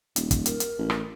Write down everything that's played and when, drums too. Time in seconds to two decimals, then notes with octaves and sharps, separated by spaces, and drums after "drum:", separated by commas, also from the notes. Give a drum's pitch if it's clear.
0.16 D#1, drum: hi-hat
0.31 drum: kick, hi-hat
0.46 A#4, drum: hi-hat
0.60 drum: hi-hat
0.78 A1
0.90 drum: rim click